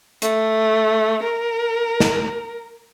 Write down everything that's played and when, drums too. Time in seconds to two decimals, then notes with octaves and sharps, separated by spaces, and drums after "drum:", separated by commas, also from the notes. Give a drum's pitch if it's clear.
0.22 A3, drum: hi-hat
1.23 A#4
2.00 drum: snare